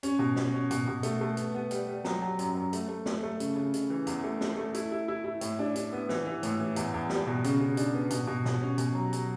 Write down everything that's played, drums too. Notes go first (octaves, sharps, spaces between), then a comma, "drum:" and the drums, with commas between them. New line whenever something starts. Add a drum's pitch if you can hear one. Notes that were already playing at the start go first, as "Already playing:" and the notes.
C#4, drum: hi-hat
B2
C#4, drum: snare
C#4
B2, drum: hi-hat
B2
A3, drum: hi-hat
A3
B3, drum: hi-hat
B3
G3, drum: hi-hat
G3
F#3, drum: snare
F#3
F#2, drum: hi-hat
F#2
A3, drum: hi-hat
A3
A3, drum: snare
A3
C#3, drum: hi-hat
C#3
C#3, drum: hi-hat
E3
E2, drum: hi-hat
A3
A3, drum: snare
A3
E4, drum: hi-hat
E4
E4
E4
A2, drum: hi-hat
D4
D4, drum: hi-hat
B3
E3, drum: snare
E3
A2, drum: hi-hat
E3
E2, drum: hi-hat
E2
G3, drum: snare
B2
C#3, drum: hi-hat
C#3
D4, drum: hi-hat
B3
B2, drum: hi-hat
B2
B2, drum: snare
C#4
B2, drum: hi-hat
F#3
F#3, drum: hi-hat